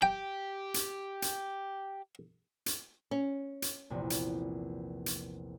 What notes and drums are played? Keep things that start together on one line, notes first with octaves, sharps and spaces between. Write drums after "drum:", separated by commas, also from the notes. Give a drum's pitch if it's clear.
G4 G5
drum: hi-hat
drum: hi-hat
drum: hi-hat
C#4
drum: hi-hat
A#1 E2 C3
drum: hi-hat
drum: hi-hat